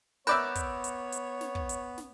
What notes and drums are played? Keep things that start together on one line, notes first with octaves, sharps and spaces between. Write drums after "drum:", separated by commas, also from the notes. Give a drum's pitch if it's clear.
B3 A#4 C#5 D5 E5 B5 F#6 G6, drum: snare
drum: kick, hi-hat
drum: hi-hat
drum: hi-hat
drum: snare
drum: kick
drum: hi-hat
drum: snare